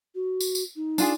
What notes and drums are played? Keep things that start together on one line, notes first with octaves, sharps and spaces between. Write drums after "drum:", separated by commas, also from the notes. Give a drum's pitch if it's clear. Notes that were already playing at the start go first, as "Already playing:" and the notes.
F#4
drum: tambourine
drum: tambourine
D#4
D4 F4 G#4, drum: tambourine